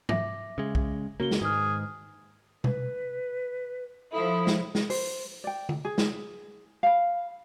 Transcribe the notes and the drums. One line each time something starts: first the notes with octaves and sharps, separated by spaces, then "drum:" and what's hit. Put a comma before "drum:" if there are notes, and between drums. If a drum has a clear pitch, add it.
E5 D6 A#6, drum: tom
C#3 G#3
drum: kick B1
C#3 A#3 F#4 G7
drum: snare
G#2 D#3 G#4 B4 F6
B4, drum: tom B2
F3 E4 A4 D#6
drum: snare
drum: snare
C5, drum: open hi-hat
D5 G5
drum: tom D3
G#4
drum: snare
F5 B5